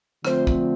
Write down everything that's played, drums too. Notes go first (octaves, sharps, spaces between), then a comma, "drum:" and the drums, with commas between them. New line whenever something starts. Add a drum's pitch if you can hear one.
D3 F3 A3 C4 C5, drum: rim click
drum: kick